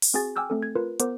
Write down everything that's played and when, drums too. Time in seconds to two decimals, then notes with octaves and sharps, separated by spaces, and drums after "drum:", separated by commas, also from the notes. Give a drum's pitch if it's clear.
0.02 drum: open hi-hat
0.14 C4 F#4 G#4 G#5 A6
0.36 G5 G#5 D6 E6 F6 G6
0.50 A3 C4 A4
0.63 G#6
0.75 F4 A#4 B4
1.00 B3 A#4 C5 D6, drum: hi-hat